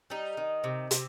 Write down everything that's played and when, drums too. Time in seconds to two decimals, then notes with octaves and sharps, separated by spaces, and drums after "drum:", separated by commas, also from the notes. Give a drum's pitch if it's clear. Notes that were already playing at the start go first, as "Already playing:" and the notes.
0.10 G3 D#4
0.37 D#3
0.64 C3
0.91 C3, drum: hi-hat